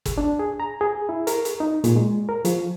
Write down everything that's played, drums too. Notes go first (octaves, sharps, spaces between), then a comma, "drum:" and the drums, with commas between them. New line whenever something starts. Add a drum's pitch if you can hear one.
drum: kick, hi-hat
D4
G#4
A#5
G#4
E4
A#4, drum: hi-hat
drum: hi-hat
D#4
A#2, drum: hi-hat
G#3
A#4
F3, drum: hi-hat